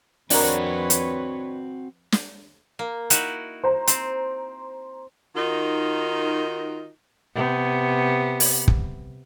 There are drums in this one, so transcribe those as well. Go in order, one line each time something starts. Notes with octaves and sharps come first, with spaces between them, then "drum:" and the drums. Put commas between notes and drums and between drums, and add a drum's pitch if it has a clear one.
F2 C4 D4 F#4 A#4 B4 C#5, drum: open hi-hat
drum: hi-hat
drum: snare
A#3
D#4 E4 F#4, drum: hi-hat
C5 A#5
C4, drum: hi-hat
D#3 D#4 F4 F#4 A#4
C3 B3
drum: open hi-hat
drum: kick